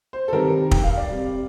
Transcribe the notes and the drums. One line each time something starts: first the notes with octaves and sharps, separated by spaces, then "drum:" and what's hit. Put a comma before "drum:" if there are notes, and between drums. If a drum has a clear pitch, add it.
C5
A4
C3 D#3 G3 A#4
G5, drum: kick
F5
D5
C3 G3